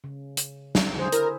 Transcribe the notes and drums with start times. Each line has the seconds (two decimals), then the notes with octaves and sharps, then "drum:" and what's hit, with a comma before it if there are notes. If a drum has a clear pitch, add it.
0.04 C#3
0.37 drum: hi-hat
0.75 drum: snare
0.97 D3 G#4 C5
1.12 E4 A#4, drum: hi-hat